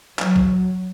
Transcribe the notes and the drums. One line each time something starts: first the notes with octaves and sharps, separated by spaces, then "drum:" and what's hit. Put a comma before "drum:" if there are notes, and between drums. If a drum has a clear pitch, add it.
F#3, drum: clap
drum: kick